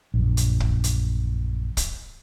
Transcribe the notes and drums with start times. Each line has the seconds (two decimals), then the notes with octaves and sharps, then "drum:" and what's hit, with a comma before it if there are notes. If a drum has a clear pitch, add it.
0.14 A#1 F#2
0.37 drum: hi-hat
0.60 drum: kick
0.84 drum: hi-hat
1.77 drum: kick, hi-hat